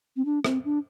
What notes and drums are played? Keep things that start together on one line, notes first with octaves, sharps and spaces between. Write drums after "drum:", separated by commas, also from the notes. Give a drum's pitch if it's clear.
C4
D4
C4, drum: rim click
D4